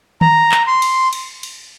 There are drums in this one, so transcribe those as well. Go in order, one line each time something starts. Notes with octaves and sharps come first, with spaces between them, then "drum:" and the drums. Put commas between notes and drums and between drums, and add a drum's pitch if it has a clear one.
A#5, drum: tom D#3
drum: clap
C6
drum: cymbal
drum: cymbal
drum: cymbal